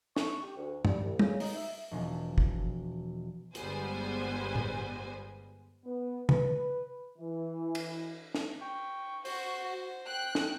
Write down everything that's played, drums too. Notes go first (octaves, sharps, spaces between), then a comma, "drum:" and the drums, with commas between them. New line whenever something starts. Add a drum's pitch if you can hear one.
C#6, drum: snare
G4
D2
G3, drum: tom G2
C2
C#3, drum: tom
D#4, drum: open hi-hat
E5
E1 B2 F3
drum: kick
G1 G3 G#3 B3 C5 G#5, drum: hi-hat
drum: tom A2
B3
B4, drum: tom
E3
drum: cymbal
drum: snare
G5 C#6
F#4 C5, drum: open hi-hat
G5 F#6
drum: snare